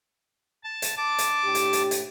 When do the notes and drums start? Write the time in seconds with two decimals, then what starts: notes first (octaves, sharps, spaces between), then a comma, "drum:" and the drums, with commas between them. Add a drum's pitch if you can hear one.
0.64 A5
0.82 drum: hi-hat
0.97 A5 D6
1.18 drum: hi-hat
1.45 A2 D4 G4
1.55 drum: hi-hat
1.73 drum: hi-hat
1.91 drum: hi-hat